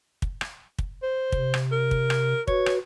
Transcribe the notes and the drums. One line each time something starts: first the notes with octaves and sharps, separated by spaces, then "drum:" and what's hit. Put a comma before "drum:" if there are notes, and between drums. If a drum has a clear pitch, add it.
drum: kick
drum: rim click
drum: kick
C5
C3, drum: kick
drum: rim click
A#4
drum: kick
drum: rim click
F#4 B4 C#5, drum: kick
drum: rim click